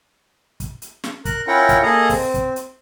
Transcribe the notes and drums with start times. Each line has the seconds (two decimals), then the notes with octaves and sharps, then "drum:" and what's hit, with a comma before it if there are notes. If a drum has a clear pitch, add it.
0.60 drum: kick, hi-hat
0.82 drum: hi-hat
1.04 drum: snare
1.25 A#4 F#6, drum: kick, hi-hat
1.47 C#4 E4 F4 A#4 F#5 G5
1.69 drum: kick, hi-hat
1.83 A#3 G#4 A4 D#5 A#5
2.10 C4, drum: kick, open hi-hat
2.34 drum: kick, hi-hat
2.56 drum: hi-hat